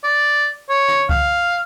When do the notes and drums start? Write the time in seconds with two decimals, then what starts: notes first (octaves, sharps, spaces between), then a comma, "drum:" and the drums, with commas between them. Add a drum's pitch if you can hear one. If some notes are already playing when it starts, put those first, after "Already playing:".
0.04 D5
0.69 C#5
0.88 drum: rim click
1.09 F5, drum: kick C2